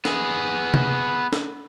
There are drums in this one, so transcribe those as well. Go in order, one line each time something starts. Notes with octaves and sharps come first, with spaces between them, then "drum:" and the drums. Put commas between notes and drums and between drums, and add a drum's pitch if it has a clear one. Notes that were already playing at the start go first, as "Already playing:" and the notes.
B3 G#4, drum: snare
drum: tom C3
drum: snare